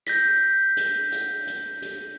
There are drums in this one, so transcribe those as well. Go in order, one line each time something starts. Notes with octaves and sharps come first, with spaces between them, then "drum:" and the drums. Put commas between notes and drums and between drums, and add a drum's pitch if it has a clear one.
G6 A#6 B6, drum: hi-hat
drum: hi-hat
drum: hi-hat
drum: hi-hat
drum: hi-hat